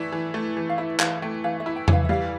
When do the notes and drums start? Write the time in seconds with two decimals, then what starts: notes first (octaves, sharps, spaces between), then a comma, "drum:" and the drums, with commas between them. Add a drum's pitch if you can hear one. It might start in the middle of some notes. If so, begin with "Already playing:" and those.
Already playing: E3 A3 E4 D5
0.12 E3
0.34 A3
0.57 E3
0.69 F5
0.78 E4 E5
1.00 E3 F5, drum: clap
1.22 A3 G5
1.44 E3 F5
1.60 E5
1.66 E4
1.76 G5
1.88 E3, drum: tom E2
1.93 F5
2.05 E5
2.09 G3 F5